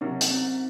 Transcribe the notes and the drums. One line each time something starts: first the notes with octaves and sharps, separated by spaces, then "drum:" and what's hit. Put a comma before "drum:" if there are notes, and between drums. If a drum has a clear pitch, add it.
C3 F#3 C#4 D#4 F#4 A#4
drum: hi-hat
C4